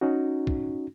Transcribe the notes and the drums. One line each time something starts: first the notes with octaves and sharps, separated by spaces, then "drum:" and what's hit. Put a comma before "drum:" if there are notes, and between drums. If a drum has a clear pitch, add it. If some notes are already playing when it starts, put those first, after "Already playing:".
C#4 D#4 F#4
drum: kick